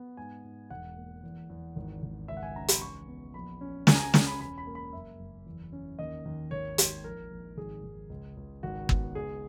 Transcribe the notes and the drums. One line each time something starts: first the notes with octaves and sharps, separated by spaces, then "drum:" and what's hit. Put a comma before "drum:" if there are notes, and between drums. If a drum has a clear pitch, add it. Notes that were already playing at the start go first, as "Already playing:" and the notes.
Already playing: B3
G#2 G#5
G#2
E1 F#5
A#3
E2
E2
G#1
G#1
C#2 E5
F#5
G#5
C#4 A#5
B5, drum: hi-hat
E2 C#6
B3
A#1 B5
C#4
C#2 G#5, drum: snare
A#5
G#5
C#4, drum: snare
B5
E1 B5
B5
A#3
B5
F#1 E5
F#1
E2
C#4
D#2 D#5
D#2
G#1 C#5
G#1, drum: hi-hat
A#1 A#4
A#1
G#1 G#4
G#1
C#2
C#2
G#1 F#4
B3, drum: kick
C#2 G#4